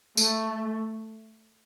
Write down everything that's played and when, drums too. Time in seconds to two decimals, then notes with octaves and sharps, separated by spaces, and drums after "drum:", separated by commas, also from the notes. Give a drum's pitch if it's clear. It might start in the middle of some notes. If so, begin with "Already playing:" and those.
0.17 A3, drum: tambourine